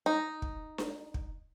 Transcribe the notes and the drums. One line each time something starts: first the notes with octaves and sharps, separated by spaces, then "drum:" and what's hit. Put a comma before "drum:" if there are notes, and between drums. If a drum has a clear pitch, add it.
D#4
drum: kick
drum: snare D4
drum: kick